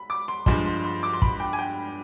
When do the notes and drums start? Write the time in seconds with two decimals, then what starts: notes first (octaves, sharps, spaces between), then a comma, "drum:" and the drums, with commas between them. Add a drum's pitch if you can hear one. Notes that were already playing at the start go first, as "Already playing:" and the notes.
Already playing: B5
0.10 D6
0.28 C6
0.46 G2 F3 G#3 C6, drum: kick
0.66 C6
0.84 C6
1.03 D6
1.13 C6
1.22 B5, drum: kick
1.40 G5
1.53 G#5
1.59 G5